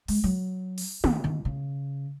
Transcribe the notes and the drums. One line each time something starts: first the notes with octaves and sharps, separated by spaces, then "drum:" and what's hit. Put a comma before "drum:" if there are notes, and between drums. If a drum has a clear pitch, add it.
G#3, drum: open hi-hat
F#3
drum: open hi-hat
D#3, drum: tom
D#3
C#3